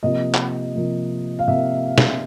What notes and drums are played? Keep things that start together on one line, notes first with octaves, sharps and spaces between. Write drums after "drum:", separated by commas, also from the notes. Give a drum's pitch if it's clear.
C3 F3 A#3 D#5
drum: clap
C3 F3 A#3
F5
C3 F3 A#3 E5
drum: snare